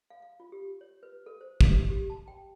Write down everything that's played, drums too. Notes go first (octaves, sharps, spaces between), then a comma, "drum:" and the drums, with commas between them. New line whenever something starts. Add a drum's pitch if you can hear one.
F5
F5
F4
G4
C#5
B4
A4
C5
G4, drum: kick
G4
A5
G5